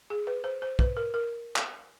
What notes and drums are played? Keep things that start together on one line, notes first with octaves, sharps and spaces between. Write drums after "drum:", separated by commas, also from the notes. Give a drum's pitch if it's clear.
G#4
B4
C5
C5
B4, drum: kick
A#4
A#4
drum: clap